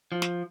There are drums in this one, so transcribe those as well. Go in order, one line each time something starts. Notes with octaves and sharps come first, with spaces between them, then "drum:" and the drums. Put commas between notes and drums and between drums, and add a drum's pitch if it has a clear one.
F3
drum: snare